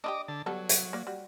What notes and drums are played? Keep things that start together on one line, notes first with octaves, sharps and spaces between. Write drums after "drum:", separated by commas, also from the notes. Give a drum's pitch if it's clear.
D4 E4 G4 D#5 D6
D3 A5
F#3 G3 B3 A4
drum: hi-hat
A#3 D5
G3 F#4